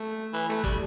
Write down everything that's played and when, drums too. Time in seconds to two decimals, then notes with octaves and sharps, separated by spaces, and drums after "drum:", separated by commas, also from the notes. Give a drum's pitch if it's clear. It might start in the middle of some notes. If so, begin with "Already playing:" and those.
Already playing: A3
0.33 E3
0.49 A3
0.64 G3, drum: kick